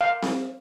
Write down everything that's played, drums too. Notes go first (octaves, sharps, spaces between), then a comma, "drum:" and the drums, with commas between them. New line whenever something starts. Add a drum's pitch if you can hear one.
F5
drum: snare C4